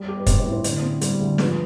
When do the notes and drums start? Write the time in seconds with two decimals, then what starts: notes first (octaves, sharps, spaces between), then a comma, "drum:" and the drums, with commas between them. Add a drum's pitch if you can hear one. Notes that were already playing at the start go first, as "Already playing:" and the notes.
Already playing: G3
0.08 G4
0.17 B4
0.26 C4 C5, drum: kick, hi-hat
0.39 C5
0.45 A2
0.52 C5
0.64 D3 C5, drum: hi-hat
0.82 C4
1.01 G3, drum: hi-hat
1.20 D2
1.38 F3 B4, drum: snare